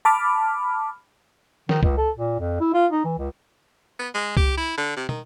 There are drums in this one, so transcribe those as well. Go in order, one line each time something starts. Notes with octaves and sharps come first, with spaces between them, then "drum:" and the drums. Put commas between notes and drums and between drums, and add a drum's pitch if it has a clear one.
A5 B5 D6 F6
D#3, drum: snare
C#2, drum: kick C2
A4
A#2
F2
E4
F4
D#4
E3
C#2
B3
G#3
G4, drum: kick C2
E4
D3
C3
D#3, drum: tom